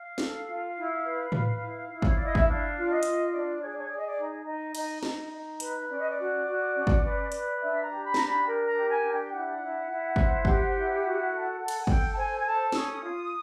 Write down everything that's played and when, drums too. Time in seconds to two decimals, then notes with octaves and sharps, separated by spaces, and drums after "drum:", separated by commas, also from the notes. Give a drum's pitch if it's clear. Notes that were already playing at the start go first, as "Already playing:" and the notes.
Already playing: F5
0.18 A4, drum: snare
0.47 F4
0.75 E4
1.04 B4
1.32 B4, drum: tom A2
1.60 E4
1.89 E4
2.02 C#5, drum: kick
2.14 E4 D5
2.25 D#5
2.35 E5, drum: kick
2.46 D4 F5
2.75 F4
2.80 D5
2.90 D#5
3.03 F4, drum: hi-hat
3.32 D4 D5
3.60 G#4 C#5
3.68 D5
3.77 C#5
3.88 G#4 D5
3.97 D#5
4.06 D5
4.17 D#4
4.45 D#4
4.75 D#4, drum: cymbal
5.03 D#4, drum: snare
5.31 D#4
5.60 B4, drum: hi-hat
5.88 C#4 D5
5.99 D#5
6.08 D5
6.16 F#4
6.46 F#4
6.74 C#4
6.87 drum: kick
7.03 B4
7.32 B4, drum: hi-hat
7.59 D4 E5
7.81 A#5
7.88 G4
8.03 B5
8.14 D4 A#5, drum: snare
8.24 B5
8.45 A#4
8.67 A#5
8.74 G4
8.88 G#5
9.03 D4
9.10 G5
9.30 E4 F#5
9.59 E4
9.88 E4
10.16 C5, drum: kick
10.45 G4, drum: kick
10.74 E4
11.02 F#4
11.31 A4
11.59 A4
11.68 drum: cymbal
11.80 G#5
11.87 A4 G5, drum: kick
12.11 A5
12.16 C5 G#5
12.38 G#5
12.45 A4 A5
12.67 E6
12.72 C#4 D#6, drum: snare
13.02 F4